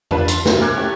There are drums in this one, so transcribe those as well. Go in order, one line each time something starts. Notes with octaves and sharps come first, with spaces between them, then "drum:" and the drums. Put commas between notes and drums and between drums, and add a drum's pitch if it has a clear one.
D4 F4 B4, drum: tom F2
C6, drum: hi-hat
C2 G2 B2, drum: snare
A#4 G#5 D6 F#6 G#6
A3 C#4 E4 G4